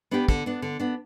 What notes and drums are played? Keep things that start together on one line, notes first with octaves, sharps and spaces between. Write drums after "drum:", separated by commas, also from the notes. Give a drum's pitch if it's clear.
B3 D4 G4 B4
D3, drum: kick
B3 D4
D3
B3 D4